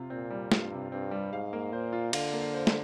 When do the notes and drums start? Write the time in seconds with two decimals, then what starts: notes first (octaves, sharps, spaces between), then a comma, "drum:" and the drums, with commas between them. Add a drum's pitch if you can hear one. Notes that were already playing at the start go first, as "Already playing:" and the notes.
Already playing: C3 F4
0.10 A#2 C4
0.30 G3
0.52 G2 F4, drum: snare
0.72 C3
0.91 G2 C4
1.11 G3
1.32 G#2 F5
1.53 A#3
1.73 A#2 C5
1.93 F4
2.13 D3 F5, drum: cymbal
2.33 A#3
2.54 C5
2.67 drum: snare